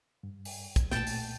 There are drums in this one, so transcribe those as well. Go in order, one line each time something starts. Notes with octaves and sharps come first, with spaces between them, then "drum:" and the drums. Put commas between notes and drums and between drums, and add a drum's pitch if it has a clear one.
G2
drum: open hi-hat
drum: kick, hi-hat
A#2 A3 G5 A5 A6, drum: snare
drum: open hi-hat